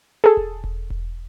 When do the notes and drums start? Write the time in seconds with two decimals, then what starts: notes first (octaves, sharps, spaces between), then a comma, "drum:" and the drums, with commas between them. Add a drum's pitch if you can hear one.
0.24 G#4 A4
0.37 drum: kick E1
0.64 drum: kick E1
0.90 drum: kick E1